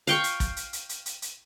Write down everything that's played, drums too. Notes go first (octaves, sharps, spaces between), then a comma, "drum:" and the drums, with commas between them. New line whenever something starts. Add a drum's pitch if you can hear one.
F5 G5 C#6, drum: hi-hat
drum: hi-hat
drum: kick, hi-hat
drum: hi-hat
drum: hi-hat
drum: hi-hat
drum: hi-hat
drum: hi-hat